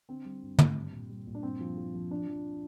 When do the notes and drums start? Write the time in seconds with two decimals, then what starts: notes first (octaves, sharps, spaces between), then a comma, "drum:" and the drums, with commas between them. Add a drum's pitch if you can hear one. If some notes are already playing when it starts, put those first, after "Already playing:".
0.09 D3 C4
0.25 G3
0.42 G2
0.59 G2, drum: tom
0.76 G3
0.92 A#2
1.09 G3
1.27 A#2
1.35 D4
1.43 G2 C4
1.60 F3
1.77 F3
1.94 F3
2.11 F3 D4
2.27 F3